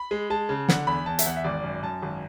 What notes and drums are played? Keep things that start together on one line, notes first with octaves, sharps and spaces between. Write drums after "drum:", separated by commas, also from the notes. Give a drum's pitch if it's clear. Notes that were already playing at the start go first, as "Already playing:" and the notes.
Already playing: B5
G#3
G#3 A5
C#3
D3 F#5, drum: snare
E2 B5
E2 A5
E5, drum: hi-hat
E2 F#5
E5
G#1 D5
F#2
F#2 A5
G#1